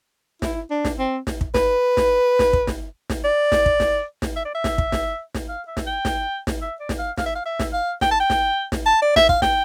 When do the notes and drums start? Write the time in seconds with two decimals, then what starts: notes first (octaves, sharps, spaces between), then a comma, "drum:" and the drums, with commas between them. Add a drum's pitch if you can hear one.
0.42 E4, drum: snare
0.70 D4
0.85 drum: snare
0.99 C4
1.27 drum: snare
1.41 drum: kick
1.54 B4, drum: snare
1.97 drum: snare
2.39 drum: snare
2.53 drum: kick
2.67 drum: snare
3.10 drum: snare
3.24 D5
3.52 drum: snare
3.66 drum: kick
3.80 drum: snare
4.22 drum: snare
4.36 E5
4.45 D5
4.55 E5
4.64 drum: snare
4.78 drum: kick
4.92 drum: snare
5.35 drum: snare
5.49 F5
5.67 E5
5.77 drum: snare
5.86 G5
6.05 drum: snare
6.47 drum: snare
6.62 E5
6.80 D5
6.89 drum: snare
6.99 F5
7.18 F5, drum: snare
7.26 E5
7.35 F5
7.45 E5
7.59 drum: snare
7.73 F5
8.01 G5, drum: snare
8.11 A5
8.20 G5
8.30 drum: snare
8.72 drum: snare
8.86 A5
9.02 D5
9.16 E5, drum: snare
9.29 F5, drum: kick
9.42 G5, drum: snare